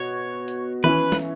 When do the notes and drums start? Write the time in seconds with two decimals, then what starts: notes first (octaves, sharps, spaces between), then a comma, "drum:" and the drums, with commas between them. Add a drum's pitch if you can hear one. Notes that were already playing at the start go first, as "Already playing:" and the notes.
Already playing: B2 B3 F#4 B4 C#5
0.48 drum: hi-hat
0.84 E3 C#4 E4 B4, drum: tom D#3
1.12 drum: snare